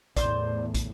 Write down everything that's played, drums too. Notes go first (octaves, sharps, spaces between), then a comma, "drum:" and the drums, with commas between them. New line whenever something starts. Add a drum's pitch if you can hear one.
E2 A2 C5 D5 C6 G6, drum: kick, hi-hat
drum: kick, hi-hat